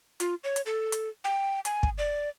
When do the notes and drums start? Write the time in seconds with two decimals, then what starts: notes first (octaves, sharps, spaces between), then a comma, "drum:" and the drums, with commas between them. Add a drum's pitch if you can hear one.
0.20 F4, drum: hi-hat
0.44 C#5
0.56 drum: hi-hat
0.66 A4
0.92 drum: hi-hat
1.24 G5
1.65 G#5, drum: hi-hat
1.83 drum: kick
1.98 D5